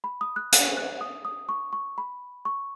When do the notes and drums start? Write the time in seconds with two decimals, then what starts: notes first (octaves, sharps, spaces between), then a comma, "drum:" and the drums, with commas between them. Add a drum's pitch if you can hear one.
0.04 B5
0.21 D#6
0.36 F#6
0.52 F#6, drum: hi-hat
0.77 F#6
1.01 D#6
1.25 D#6
1.49 C#6
1.73 C#6
1.98 B5
2.45 C#6